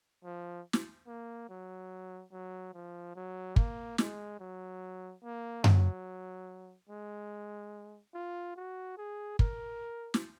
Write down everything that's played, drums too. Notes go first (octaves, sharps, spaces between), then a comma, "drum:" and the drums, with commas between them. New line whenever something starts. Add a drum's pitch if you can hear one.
F3
drum: snare
A#3
F#3
F#3
F3
F#3
A#3, drum: kick
G#3, drum: snare
F#3
A#3
F#3, drum: tom F#2
G#3
F4
F#4
G#4
A#4, drum: kick
drum: snare